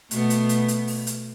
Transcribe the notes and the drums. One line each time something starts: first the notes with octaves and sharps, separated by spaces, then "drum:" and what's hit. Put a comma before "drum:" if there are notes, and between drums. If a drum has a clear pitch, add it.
B2 A3 B3, drum: hi-hat
drum: hi-hat
drum: hi-hat
drum: hi-hat
drum: open hi-hat
drum: hi-hat